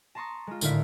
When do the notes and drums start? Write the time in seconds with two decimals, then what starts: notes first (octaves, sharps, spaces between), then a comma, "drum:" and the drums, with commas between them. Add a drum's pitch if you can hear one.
0.15 A5 A#5 C6 C#6 D#6 A#6
0.47 G#3 F4
0.61 G#1 A2 D3 E4 F5 B6, drum: tambourine